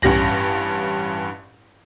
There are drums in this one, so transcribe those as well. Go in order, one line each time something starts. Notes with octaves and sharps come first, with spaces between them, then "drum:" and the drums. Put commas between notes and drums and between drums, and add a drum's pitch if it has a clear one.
A1 G2 C#4 G4 A#6 F#7, drum: tom